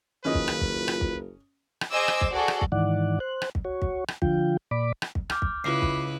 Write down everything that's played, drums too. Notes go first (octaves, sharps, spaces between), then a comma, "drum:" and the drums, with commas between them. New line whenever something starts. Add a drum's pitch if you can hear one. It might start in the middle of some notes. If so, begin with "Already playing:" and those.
F#1 D#3 C#4 F4 B4 D#5
drum: kick
drum: rim click
drum: kick
drum: rim click
drum: kick
drum: rim click
G#4 C5 D#5 G#5 D6 E6
drum: rim click
drum: kick
F#4 G#4 A4 D5
drum: rim click
drum: kick
G#2 D#3 E3 D5 F#5
C5 F#6
drum: rim click
drum: kick
F#4 C#5
drum: kick
drum: rim click
D3 F3 F4 G5, drum: kick
A#2 D5 B5 D6
drum: rim click
drum: kick
D6 F6 G6, drum: rim click
drum: kick
C#2 E4 F4 B4 D6 C7
drum: kick